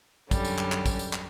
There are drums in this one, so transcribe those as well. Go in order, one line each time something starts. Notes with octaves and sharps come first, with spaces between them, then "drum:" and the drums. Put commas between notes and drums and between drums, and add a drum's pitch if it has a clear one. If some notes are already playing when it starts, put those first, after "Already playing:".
F#2 D3 G3 C#4, drum: kick, tambourine
drum: tambourine
drum: clap
drum: clap
drum: kick, tambourine
drum: tambourine
drum: clap